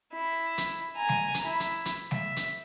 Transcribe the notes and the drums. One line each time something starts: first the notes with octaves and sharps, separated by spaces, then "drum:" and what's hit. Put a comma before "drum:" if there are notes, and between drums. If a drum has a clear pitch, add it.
E4
drum: hi-hat
G#5 A#5
drum: snare G3
drum: hi-hat
E4
drum: hi-hat
drum: hi-hat
E5, drum: snare G3
drum: hi-hat